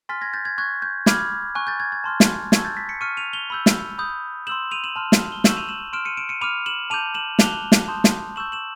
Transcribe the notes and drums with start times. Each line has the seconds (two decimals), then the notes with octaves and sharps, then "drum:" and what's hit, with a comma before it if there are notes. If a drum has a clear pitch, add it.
0.09 G#5 C6 F6 A6 B6
0.21 G#6 A#6
0.33 G6 A6
0.45 G#6
0.58 C#6 F#6 G#6
0.82 G6
1.06 B5 D6 F6 G#6, drum: snare
1.55 G#5 C#6 F#6
1.67 G6 A6
1.80 G#6
1.92 G#6
2.04 A5 C6 F6
2.20 drum: snare
2.52 A5 C#6 E6 G#6, drum: snare
2.65 G6 A6
2.77 A6 B6
2.89 B6 C#7
3.01 C#6 F6 C#7 D#7
3.17 D#7 F7
3.33 F7 G7
3.50 B5 E6 G6
3.66 drum: snare
3.98 B5 D#6 G6
4.47 C6 E6 G6 E7 F#7
4.71 D#7 F7
4.84 E7 F#7
4.96 A5 C6 F6
5.12 drum: snare
5.32 G7
5.44 C#6 E6 G6 E7 F#7, drum: snare
5.57 D#7 F7
5.69 E7 F#7
5.93 C6 F6 D7 E7
6.05 C#7 D#7
6.17 D7 E7
6.29 C#7 D#7
6.41 B5 D6 F6 D#7 F7
6.66 E7 F#7
6.90 A5 D6 G6 D#7 F7
7.15 E7 F#7
7.39 A5 D6 F#6 F7 G7, drum: snare
7.72 drum: snare
7.88 A5 C6 D#6 G6
8.04 drum: snare
8.36 C#6 E6 G6 E7 F#7
8.52 E7 F#7